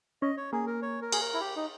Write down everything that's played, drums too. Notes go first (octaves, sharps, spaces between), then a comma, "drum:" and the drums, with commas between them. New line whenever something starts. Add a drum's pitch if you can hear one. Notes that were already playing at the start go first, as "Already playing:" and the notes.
C#4 D#5
C#5
A#3 G#4
A#4
C#5
A#4
G#4, drum: cymbal
A#4
E4
G4
D#4